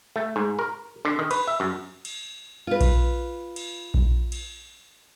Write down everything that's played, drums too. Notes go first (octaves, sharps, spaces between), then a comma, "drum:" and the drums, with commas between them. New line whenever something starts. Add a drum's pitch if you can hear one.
A3
G#2
A#4
D3
D#3
B4, drum: cymbal
E5
F#2
drum: cymbal
F4 B4
drum: kick A#1, cymbal
drum: cymbal
drum: kick A#1
drum: cymbal